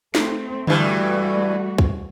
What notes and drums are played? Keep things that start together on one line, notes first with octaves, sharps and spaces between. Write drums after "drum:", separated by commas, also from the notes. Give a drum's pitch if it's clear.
A3 C4, drum: snare
G2 E3 G3 A3 F#4, drum: tom D3
drum: kick